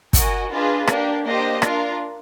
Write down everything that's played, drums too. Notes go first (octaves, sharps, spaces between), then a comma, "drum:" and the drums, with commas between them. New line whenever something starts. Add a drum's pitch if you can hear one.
F#4 A#4 D#5 G#5, drum: kick, hi-hat
D4 F4 G#4 B4 D#5
A#3 D4 G4, drum: rim click
A#3 D4 G4 C5 D#5
D4 F4 A#4, drum: rim click